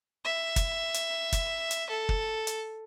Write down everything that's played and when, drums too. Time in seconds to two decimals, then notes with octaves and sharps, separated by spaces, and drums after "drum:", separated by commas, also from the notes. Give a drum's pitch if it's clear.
0.25 E5
0.56 drum: kick, hi-hat
0.94 drum: hi-hat
1.32 drum: kick, hi-hat
1.71 drum: hi-hat
1.90 A4
2.09 drum: kick
2.47 drum: hi-hat